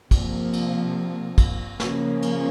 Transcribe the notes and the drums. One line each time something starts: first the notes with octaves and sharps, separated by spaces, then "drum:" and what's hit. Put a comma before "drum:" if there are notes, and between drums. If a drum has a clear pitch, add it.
C3 F3 A#3, drum: kick, cymbal
drum: cymbal
drum: kick, cymbal
C#3 F3 A#3 C#4, drum: snare
drum: cymbal